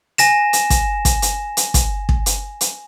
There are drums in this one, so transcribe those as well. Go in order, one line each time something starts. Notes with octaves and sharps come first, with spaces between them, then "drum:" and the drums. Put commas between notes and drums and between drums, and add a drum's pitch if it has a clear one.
G#5 A#6 E7, drum: hi-hat
drum: hi-hat
drum: kick, hi-hat
drum: kick, hi-hat
drum: hi-hat
drum: hi-hat
drum: kick, hi-hat
drum: kick
drum: hi-hat
drum: hi-hat